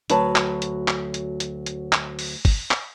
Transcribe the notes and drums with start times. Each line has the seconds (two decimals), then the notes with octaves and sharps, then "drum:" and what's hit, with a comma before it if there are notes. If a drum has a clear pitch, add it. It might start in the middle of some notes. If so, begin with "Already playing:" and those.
0.10 D2 F#3 B4 C#5 A5, drum: hi-hat
0.36 drum: clap
0.62 drum: hi-hat
0.88 drum: clap
1.14 drum: hi-hat
1.40 drum: hi-hat
1.66 drum: hi-hat
1.93 drum: clap
2.19 drum: open hi-hat
2.45 drum: kick G1, open hi-hat
2.71 drum: clap